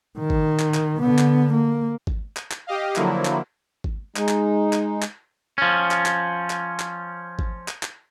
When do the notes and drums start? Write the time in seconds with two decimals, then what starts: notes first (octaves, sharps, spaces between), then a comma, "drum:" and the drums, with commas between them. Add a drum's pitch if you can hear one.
0.19 D#3
0.30 drum: kick G#1
0.59 drum: clap
0.74 drum: clap
1.00 D3 B3
1.19 drum: clap
1.53 A#3
2.07 drum: kick G#1
2.37 drum: clap
2.51 drum: clap
2.67 G4 D#5 F5
2.96 D3 F3 F#3 A#3 E4, drum: clap
3.25 drum: clap
3.84 drum: kick G#1
4.16 G#3 D#4, drum: clap
4.29 drum: clap
4.73 drum: clap
5.02 drum: clap
5.58 F3 C#4
5.91 drum: clap
6.06 drum: clap
6.50 drum: clap
6.80 drum: clap
7.39 drum: kick G#1
7.68 drum: clap
7.83 drum: clap